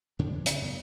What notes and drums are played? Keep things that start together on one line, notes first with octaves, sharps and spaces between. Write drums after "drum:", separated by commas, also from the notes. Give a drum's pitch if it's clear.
F2 D3 D#3 D4
E3
C#3, drum: hi-hat
F#2 B3